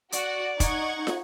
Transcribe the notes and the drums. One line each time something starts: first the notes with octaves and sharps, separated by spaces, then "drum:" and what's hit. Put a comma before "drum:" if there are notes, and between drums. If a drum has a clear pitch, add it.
F#4 D5 F#5, drum: hi-hat
D#4 F#5 C#6 G#6, drum: kick F1, hi-hat
drum: snare